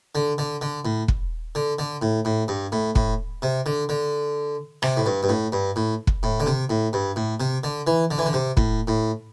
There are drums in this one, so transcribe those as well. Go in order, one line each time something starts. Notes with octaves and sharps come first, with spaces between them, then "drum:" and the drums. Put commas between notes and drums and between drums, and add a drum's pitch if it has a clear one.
D3
D3
D3
A2
drum: kick
D3
D3
A2
A2
G2
A2
A2, drum: kick
C3
D3
D3
C3, drum: rim click
A2
G2
G2
A2
G2
A2
drum: kick
A2
D3
C3
A2
G2
A2
C3
D3
E3
D3
E3
D3
C3
A2, drum: kick
A2